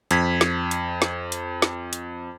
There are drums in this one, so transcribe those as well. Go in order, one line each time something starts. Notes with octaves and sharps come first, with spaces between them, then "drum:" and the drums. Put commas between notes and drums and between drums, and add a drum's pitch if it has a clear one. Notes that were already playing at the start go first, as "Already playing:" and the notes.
F2 G#6 B6, drum: hi-hat
drum: snare
drum: hi-hat
drum: snare
drum: hi-hat
drum: snare
drum: hi-hat